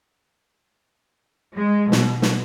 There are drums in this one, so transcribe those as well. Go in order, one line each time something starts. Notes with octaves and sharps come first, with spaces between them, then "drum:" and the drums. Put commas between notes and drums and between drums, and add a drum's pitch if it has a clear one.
G#3
B2, drum: snare
drum: snare